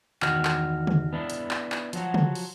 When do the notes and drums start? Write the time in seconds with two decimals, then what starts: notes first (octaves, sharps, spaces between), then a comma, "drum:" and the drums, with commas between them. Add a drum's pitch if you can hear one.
0.22 E2 D#3 F#4 F6, drum: clap
0.45 drum: clap
0.87 drum: tom
1.13 B3 D4 E4
1.30 drum: hi-hat
1.51 drum: clap
1.72 drum: clap
1.93 F3 F#3 F#4, drum: hi-hat
2.14 drum: tom
2.35 drum: open hi-hat